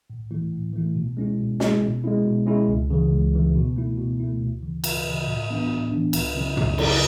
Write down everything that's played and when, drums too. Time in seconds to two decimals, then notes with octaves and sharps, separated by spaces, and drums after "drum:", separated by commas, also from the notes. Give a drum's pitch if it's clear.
0.10 A2
0.31 E3 A3 E4
0.52 A2
0.74 E3 A3 E4
0.96 B2
1.17 G#3 C#4 E4
1.38 B2
1.60 G#3 C#4 E4, drum: snare
1.82 B2
2.04 G#3 C#4 E4
2.24 B2
2.46 G#3 C#4 E4
2.68 C#2
2.90 C#3 E3
3.11 C#2
3.33 C#3 E3
3.55 B2
3.76 A3 E4
3.97 B2
4.20 A3 E4
4.41 D2
4.63 C#3 E3
4.84 D2, drum: cymbal
5.05 C#3 E3
5.27 A2
5.49 E3 B3 D4
5.71 A2
5.92 E3 B3 D4
6.13 C#2, drum: cymbal
6.35 C#3 F#3 C#4 E4
6.57 C#2, drum: tom
6.78 C#3 F#3 C#4 E4, drum: cymbal